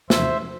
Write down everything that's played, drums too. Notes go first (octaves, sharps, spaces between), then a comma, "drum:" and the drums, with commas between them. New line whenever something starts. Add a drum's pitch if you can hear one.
E2 C3 F3 C5 E5, drum: snare